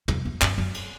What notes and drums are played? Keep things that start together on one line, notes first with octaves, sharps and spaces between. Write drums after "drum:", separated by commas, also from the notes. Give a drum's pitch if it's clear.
F2, drum: tom
F2
F#2, drum: clap
F#2
drum: cymbal